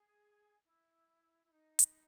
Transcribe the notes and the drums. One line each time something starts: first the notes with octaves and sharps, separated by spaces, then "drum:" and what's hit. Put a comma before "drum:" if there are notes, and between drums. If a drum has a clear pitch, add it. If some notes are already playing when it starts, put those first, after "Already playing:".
Already playing: G#4
E4
E4
D#4
drum: hi-hat